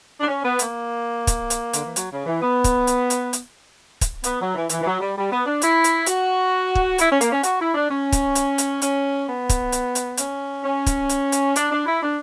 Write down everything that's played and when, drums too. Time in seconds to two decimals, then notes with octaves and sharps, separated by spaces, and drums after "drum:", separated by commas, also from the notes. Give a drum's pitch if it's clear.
0.20 D4
0.28 C#4
0.44 B3
0.59 A#3, drum: hi-hat
1.27 drum: kick, hi-hat
1.50 drum: hi-hat
1.73 D3, drum: hi-hat
1.85 E3
1.96 F#3, drum: hi-hat
2.12 C#3
2.26 E3
2.42 B3
2.64 drum: kick, hi-hat
2.87 drum: hi-hat
3.10 drum: hi-hat
3.33 drum: hi-hat
4.01 drum: kick, hi-hat
4.24 B3, drum: hi-hat
4.40 F#3
4.54 E3
4.69 E3, drum: hi-hat
4.81 E3
4.85 F#3
5.00 G3
5.16 G3
5.30 B3
5.45 D4
5.62 E4, drum: hi-hat
5.84 drum: hi-hat
6.06 F#4, drum: hi-hat
6.75 drum: kick
6.98 E4, drum: hi-hat
7.10 C#4
7.21 A#3, drum: hi-hat
7.32 C#4
7.43 F#4, drum: hi-hat
7.59 E4
7.75 D4
7.89 C#4
8.12 drum: kick, hi-hat
8.35 drum: hi-hat
8.58 drum: hi-hat
8.82 C#4, drum: hi-hat
9.27 B3
9.49 drum: kick, hi-hat
9.72 drum: hi-hat
9.95 drum: hi-hat
10.17 C#4, drum: hi-hat
10.63 C#4
10.87 drum: kick, hi-hat
11.09 drum: hi-hat
11.32 drum: hi-hat
11.56 D4, drum: hi-hat
11.70 D4
11.86 E4
12.01 D4